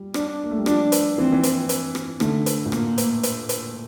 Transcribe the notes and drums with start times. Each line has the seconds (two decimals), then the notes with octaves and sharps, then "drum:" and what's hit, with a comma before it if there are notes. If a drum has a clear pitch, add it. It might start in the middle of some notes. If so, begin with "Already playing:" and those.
Already playing: G3
0.14 D4, drum: rim click
0.44 A#3
0.51 A3
0.58 G3
0.66 F3 D4, drum: rim click
0.92 drum: hi-hat
1.18 E3 C4
1.25 F3
1.32 E3
1.43 drum: hi-hat
1.69 drum: hi-hat
1.95 drum: rim click
2.20 D3 A3, drum: rim click
2.46 drum: hi-hat
2.65 A2
2.72 A#2 A#3, drum: rim click
2.98 drum: hi-hat
3.23 drum: hi-hat
3.49 drum: hi-hat